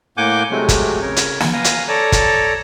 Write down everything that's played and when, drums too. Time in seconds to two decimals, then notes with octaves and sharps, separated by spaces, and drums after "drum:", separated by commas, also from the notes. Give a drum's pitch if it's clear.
0.17 A2 A#3 F#5 G#5 D6 G6
0.51 C3 F#3 G#3 A3
0.69 drum: kick, hi-hat
1.02 C#3 A#4 C#5
1.16 drum: hi-hat
1.40 drum: snare
1.53 B4 F5 G#5 A#5
1.64 drum: hi-hat
1.88 A4 C#5 D5 A5 A#5
2.12 drum: kick, hi-hat